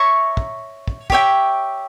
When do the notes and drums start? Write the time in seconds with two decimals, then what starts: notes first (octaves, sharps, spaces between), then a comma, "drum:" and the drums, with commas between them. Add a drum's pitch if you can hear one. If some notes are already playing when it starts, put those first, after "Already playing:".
Already playing: C#5 E5 A#5 C#6
0.37 drum: kick
0.88 drum: kick
1.10 G4 C#5 E5 G5, drum: kick